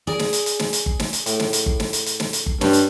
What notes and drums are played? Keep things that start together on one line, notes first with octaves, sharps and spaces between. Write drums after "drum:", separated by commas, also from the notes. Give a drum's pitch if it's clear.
G#4 A#4 D5
drum: snare
drum: hi-hat
drum: hi-hat
drum: snare
drum: hi-hat
drum: kick G1
drum: snare
drum: hi-hat
A2, drum: hi-hat
drum: snare
drum: hi-hat
drum: kick G1
drum: snare
drum: hi-hat
drum: hi-hat
drum: snare
drum: hi-hat
drum: kick G1
G2 C#4, drum: snare
drum: hi-hat